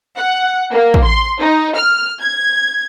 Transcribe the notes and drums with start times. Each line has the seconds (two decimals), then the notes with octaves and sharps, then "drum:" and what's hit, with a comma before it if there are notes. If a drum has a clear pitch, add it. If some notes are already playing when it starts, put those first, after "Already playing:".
0.17 F#5
0.73 A#3
0.94 drum: kick
1.05 C6
1.40 D#4
1.75 F6
2.20 G#6